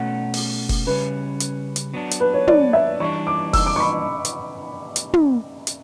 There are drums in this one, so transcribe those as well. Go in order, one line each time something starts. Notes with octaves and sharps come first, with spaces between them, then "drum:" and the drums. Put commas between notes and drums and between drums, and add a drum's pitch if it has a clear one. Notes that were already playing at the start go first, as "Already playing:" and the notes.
Already playing: B2 A3 C#4 F#5
drum: open hi-hat
drum: kick F1, open hi-hat
C#3 G3 C#4 B4
drum: hi-hat
drum: hi-hat
F#3 B3 D4
drum: hi-hat
B4
C#5
D5, drum: tom
E5
E3 G3 D4 C#6
D6
E6, drum: kick F1, open hi-hat
D6
C#6
B5
drum: hi-hat
drum: hi-hat
drum: tom
drum: hi-hat